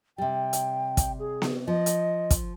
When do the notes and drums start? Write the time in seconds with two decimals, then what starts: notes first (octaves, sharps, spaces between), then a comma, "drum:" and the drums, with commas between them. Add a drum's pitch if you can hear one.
0.18 C3 G3 G5
0.53 drum: hi-hat
0.97 drum: kick, hi-hat
1.19 G#4
1.42 drum: snare B3
1.67 F3 D#5
1.86 drum: hi-hat
2.31 drum: kick, hi-hat